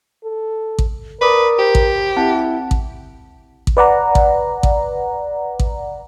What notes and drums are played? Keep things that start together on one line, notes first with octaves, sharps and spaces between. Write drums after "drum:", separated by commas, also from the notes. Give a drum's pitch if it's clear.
A4
drum: kick A1
A#4 B4 D5 D6 D#6
G4 C5
drum: kick A1
C4 E4 F#5 A5
drum: kick A1
drum: kick A1
B4 D5 F#5 A#5
drum: kick A1
drum: kick A1
drum: kick A1